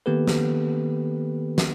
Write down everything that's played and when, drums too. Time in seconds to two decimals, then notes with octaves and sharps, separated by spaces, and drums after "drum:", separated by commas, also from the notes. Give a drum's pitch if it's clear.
0.06 D#3 A#3 B3 G4 A4 B4
0.28 drum: snare
1.58 drum: snare